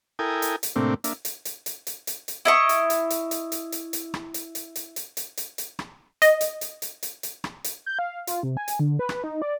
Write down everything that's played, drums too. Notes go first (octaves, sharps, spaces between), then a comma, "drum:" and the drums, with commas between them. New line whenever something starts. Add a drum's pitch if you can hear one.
E4 A4 A#4 G5 G#5 D#6
drum: hi-hat
drum: hi-hat
A2 C3 A3 A#3 C4 D4
A#3 D4 E5, drum: hi-hat
drum: hi-hat
drum: hi-hat
drum: hi-hat
drum: hi-hat
drum: hi-hat
drum: hi-hat
E4 D#5 C#6
drum: hi-hat
drum: hi-hat
drum: hi-hat
drum: hi-hat
drum: hi-hat
drum: hi-hat
drum: hi-hat
drum: rim click
drum: hi-hat
drum: hi-hat
drum: hi-hat
drum: hi-hat
drum: hi-hat
drum: hi-hat
drum: hi-hat
drum: rim click
D#5, drum: hi-hat
drum: hi-hat
drum: hi-hat
drum: hi-hat
drum: hi-hat
drum: hi-hat
drum: rim click
drum: hi-hat
G6
F5
F4, drum: hi-hat
C3
G#5
drum: hi-hat
D3
B4
drum: rim click
D#4
D5